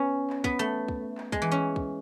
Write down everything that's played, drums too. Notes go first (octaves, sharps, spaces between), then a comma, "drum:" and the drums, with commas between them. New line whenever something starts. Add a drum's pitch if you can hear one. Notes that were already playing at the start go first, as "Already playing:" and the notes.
Already playing: B3 C#4
drum: clap
B3, drum: kick
A3
drum: kick
drum: clap
G#3, drum: kick
E3
C#4
drum: kick